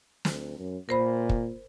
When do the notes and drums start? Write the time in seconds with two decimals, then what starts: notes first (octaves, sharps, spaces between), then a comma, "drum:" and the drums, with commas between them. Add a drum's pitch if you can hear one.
0.25 D2, drum: snare
0.59 F#2
0.89 A#2 A#4 C5 B5
1.29 drum: kick